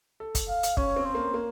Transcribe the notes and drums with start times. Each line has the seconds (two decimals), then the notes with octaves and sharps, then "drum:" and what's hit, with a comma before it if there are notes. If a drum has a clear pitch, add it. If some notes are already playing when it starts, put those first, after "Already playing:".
0.20 A4
0.35 drum: kick, hi-hat
0.49 F5
0.63 drum: hi-hat
0.77 C#4 C#5, drum: kick
0.96 C4
1.05 C5
1.15 A#3
1.34 A#3